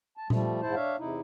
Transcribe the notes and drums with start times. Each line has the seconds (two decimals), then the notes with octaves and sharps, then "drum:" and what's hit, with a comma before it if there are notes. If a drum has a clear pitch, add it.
0.17 A5
0.30 F3 G3 A3, drum: tom A#2
0.62 E2 G#2 E4 C5 A5
0.76 D4 C#5 E5 F5
0.99 E2 C3 D#4 E4